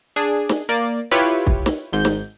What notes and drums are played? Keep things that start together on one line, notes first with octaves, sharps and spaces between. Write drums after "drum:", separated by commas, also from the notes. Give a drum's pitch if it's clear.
D4 G#4
drum: snare
A#3 D5
E4 F4 G4 B4 C#5
drum: kick
drum: snare
G#1 G#2 G6
drum: snare